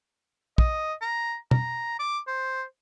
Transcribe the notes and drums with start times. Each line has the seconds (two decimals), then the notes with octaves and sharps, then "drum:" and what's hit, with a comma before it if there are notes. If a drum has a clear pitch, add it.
0.58 D#5, drum: kick
1.01 A#5
1.51 A#5, drum: tom B2
1.99 D6
2.27 C5